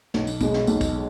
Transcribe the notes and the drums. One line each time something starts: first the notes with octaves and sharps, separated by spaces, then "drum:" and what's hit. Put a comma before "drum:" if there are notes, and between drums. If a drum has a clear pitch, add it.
B1, drum: snare
drum: tambourine
B2 G#3, drum: kick, tambourine
drum: snare
B1, drum: tambourine
drum: kick, tambourine